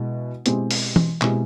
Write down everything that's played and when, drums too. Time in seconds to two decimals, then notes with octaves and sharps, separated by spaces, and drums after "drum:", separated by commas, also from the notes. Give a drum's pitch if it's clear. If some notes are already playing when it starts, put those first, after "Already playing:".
Already playing: B2 G#3 E4
0.46 B2 G#3 C4 E4 G4, drum: hi-hat
0.71 drum: open hi-hat
0.96 drum: tom E3
1.21 B2 G#3 C4 E4 G4, drum: clap